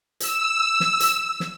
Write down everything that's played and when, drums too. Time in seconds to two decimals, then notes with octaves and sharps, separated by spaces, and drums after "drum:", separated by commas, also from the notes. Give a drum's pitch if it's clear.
0.20 E6, drum: hi-hat
0.80 drum: snare
1.00 drum: hi-hat
1.40 drum: snare